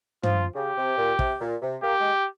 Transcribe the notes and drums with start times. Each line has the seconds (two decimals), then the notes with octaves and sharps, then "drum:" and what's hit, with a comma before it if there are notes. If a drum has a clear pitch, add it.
0.23 F3 F4, drum: tom
0.55 C#3 G4
0.77 C3
0.98 A#2
1.19 C3, drum: kick
1.41 A#2
1.62 C3
1.83 A#3 G4
2.00 G#3